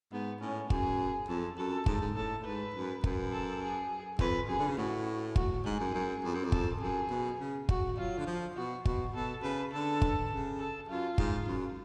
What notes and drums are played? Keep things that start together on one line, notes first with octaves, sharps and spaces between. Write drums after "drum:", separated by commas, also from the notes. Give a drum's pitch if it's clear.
G#2 B3
A2 C#4
F#2 G#4, drum: kick
F2 A4
F#2 A4
G#2, drum: kick
G#2
A2 A4
G#2 B4
F#2
F#2, drum: kick
A4
G#4
F2 B4, drum: kick
F#2 G#4
D3
C#3
A2 F#4
F#4, drum: kick
G#2 G#4
F#2
F#2
F2
F#2
F2
A4, drum: kick
F#2 G#4
B2
C#3
F#4, drum: kick
F#3 F4
D3
F3
B2 F#4
B2 F#4, drum: kick
B2 A4
C#3 B4
D3 A4
drum: kick
C#3
A4
F#2 F4
G#2, drum: kick
F#2